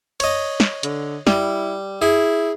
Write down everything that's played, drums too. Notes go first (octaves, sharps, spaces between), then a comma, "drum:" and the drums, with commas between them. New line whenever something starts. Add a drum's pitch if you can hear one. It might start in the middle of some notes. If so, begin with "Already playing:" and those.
C#5 D#5, drum: cymbal
drum: snare
D3, drum: hi-hat
G3 E4, drum: snare
E4 G#4